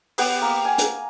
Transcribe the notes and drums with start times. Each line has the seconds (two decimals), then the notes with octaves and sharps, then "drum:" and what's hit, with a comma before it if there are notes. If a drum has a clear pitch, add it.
0.18 B3 G4 B4, drum: open hi-hat
0.42 A#3
0.65 G#5
0.79 drum: hi-hat